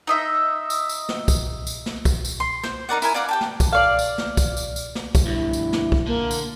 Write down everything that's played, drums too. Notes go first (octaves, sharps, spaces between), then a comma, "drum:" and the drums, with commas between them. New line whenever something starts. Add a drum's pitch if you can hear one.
D#4 D#5 E5
drum: tambourine
drum: tambourine
drum: snare
drum: kick, tambourine
drum: tambourine
drum: snare
drum: kick, tambourine
drum: tambourine
C6
C5, drum: snare
D#4 A#4 D5 F#5
E4 A#4 G#5, drum: tambourine
D5 F5 F#5 D6
G4 G5 A5
drum: snare
drum: kick, tambourine
D5 F5
drum: tambourine
drum: snare
drum: kick, tambourine
drum: tambourine
drum: tambourine
drum: snare
drum: kick, tambourine
D2 G2 E4
drum: tambourine
drum: snare
drum: kick
D3 A#3
drum: tambourine